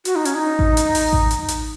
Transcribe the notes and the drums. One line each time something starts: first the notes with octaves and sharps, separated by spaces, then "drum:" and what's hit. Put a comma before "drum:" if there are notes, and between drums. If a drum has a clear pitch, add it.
F#4, drum: hi-hat
D#4
C#4, drum: hi-hat
D#4
drum: kick A1
drum: hi-hat
drum: open hi-hat
drum: kick A1
drum: hi-hat
drum: hi-hat